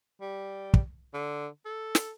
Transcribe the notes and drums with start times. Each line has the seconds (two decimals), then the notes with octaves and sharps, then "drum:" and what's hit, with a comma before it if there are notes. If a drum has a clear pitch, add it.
0.21 G3
0.74 drum: kick
1.14 D3
1.65 A4
1.95 drum: snare